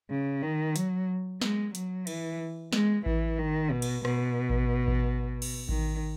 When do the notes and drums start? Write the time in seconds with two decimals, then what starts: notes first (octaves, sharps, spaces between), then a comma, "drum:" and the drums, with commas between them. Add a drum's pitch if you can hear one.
0.11 C#3
0.43 D#3
0.76 F#3, drum: hi-hat
1.42 G#3, drum: snare
1.75 F#3, drum: hi-hat
2.07 E3, drum: cymbal
2.73 G#3, drum: snare
3.06 E3, drum: kick A1
3.39 D#3
3.71 B2
3.82 drum: cymbal
4.05 B2, drum: rim click
4.50 drum: kick A1
4.88 drum: kick A1
5.42 drum: cymbal
5.69 D#3, drum: kick A1